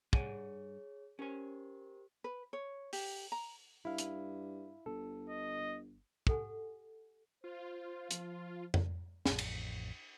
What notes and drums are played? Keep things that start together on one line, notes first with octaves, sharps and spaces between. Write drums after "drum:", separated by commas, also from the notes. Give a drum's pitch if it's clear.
G2 G#4 C#5 F#5 G#5, drum: kick
C#4 G4 A#4 C5 G#5
B4
C#5
G4, drum: open hi-hat
A#5
G2 E4 F5
drum: hi-hat
G1 A4
D#5
G4 A4 F#5 G#5, drum: kick
F4 C5
F3, drum: hi-hat
drum: tom F2
A1 F2, drum: snare
drum: cymbal